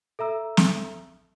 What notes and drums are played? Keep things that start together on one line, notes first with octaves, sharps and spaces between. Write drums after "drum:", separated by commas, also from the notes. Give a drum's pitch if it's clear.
A4 E5 A#5 E6
drum: snare